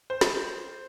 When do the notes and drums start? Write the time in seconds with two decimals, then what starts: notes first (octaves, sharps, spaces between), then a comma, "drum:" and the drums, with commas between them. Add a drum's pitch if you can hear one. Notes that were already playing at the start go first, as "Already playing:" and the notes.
0.10 C5
0.21 drum: snare